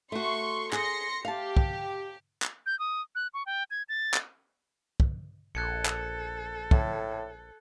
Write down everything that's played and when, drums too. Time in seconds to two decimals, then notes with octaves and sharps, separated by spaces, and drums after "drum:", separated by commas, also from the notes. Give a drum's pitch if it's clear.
0.12 A3 F#4 C6 C#6
0.73 G#4 C6 A#6 C#7, drum: clap
1.25 G4 F5 A5
1.57 drum: kick
2.42 drum: clap
2.66 G6
2.79 D#6
3.15 F#6
3.34 C#6
3.46 G5
3.71 G#6
3.89 A6
4.14 drum: clap
5.00 drum: kick
5.55 A#1 A4 F#6 G#6 C#7
5.85 drum: clap
6.71 A2, drum: kick